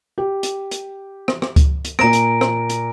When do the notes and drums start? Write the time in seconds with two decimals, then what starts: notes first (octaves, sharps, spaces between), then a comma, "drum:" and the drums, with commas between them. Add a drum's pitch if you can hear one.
0.18 G4
0.43 drum: hi-hat
0.71 drum: hi-hat
1.28 drum: rim click
1.42 drum: rim click
1.56 drum: kick C#2, hi-hat
1.85 drum: hi-hat
1.99 A#2 A#5 A#6 D7, drum: rim click
2.13 drum: hi-hat
2.41 drum: rim click
2.70 drum: hi-hat